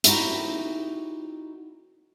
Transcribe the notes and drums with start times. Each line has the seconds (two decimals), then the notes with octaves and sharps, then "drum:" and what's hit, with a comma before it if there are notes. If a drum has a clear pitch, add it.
0.04 D#4 E4 F#4 G4 E5, drum: hi-hat